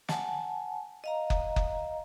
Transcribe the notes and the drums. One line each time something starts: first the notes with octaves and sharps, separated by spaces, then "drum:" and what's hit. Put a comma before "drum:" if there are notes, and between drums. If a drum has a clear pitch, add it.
F#5 G#5 A5, drum: snare
D#5 F5 A#5
drum: kick F#1
drum: kick F#1